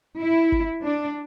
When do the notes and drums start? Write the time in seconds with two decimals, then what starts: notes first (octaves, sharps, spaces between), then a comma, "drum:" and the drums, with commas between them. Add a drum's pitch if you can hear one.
0.21 E4
0.52 drum: kick G1
0.84 D4